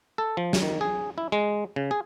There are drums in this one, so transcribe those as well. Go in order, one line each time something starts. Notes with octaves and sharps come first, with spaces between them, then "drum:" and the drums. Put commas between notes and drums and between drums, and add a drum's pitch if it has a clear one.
A4
F3
drum: snare
D#3
G#4
E4
G#3
C#3
G#4